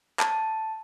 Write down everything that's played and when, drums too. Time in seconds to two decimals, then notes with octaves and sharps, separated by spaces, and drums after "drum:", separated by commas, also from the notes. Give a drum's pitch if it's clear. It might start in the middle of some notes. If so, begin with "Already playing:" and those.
0.19 A5, drum: clap